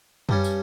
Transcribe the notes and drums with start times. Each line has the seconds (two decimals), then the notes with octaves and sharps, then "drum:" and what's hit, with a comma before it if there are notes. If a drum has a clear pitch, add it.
0.29 G2 G3 C#4, drum: tom F#2
0.44 drum: tambourine